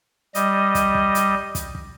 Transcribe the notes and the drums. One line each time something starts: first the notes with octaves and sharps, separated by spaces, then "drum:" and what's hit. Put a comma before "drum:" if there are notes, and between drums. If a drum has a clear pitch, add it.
G3 D#5, drum: hi-hat
drum: kick, hi-hat
drum: kick
drum: hi-hat
drum: kick, hi-hat
drum: kick